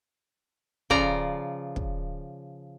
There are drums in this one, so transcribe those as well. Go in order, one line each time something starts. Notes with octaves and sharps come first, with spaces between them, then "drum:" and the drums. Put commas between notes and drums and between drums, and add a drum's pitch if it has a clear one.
C#3 F3 D5 A#5, drum: kick
drum: kick